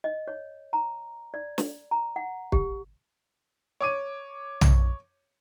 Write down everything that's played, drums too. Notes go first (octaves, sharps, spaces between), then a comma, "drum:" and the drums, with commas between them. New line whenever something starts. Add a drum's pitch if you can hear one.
D#5
C#5
A#5
D5
drum: snare
A#5
F#5
G4, drum: kick
C#5 D6 D#7
drum: tom